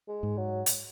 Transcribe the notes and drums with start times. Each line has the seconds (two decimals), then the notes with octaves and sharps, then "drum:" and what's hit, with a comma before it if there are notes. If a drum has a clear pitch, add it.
0.08 G#3
0.23 G#2
0.37 F#3
0.66 drum: hi-hat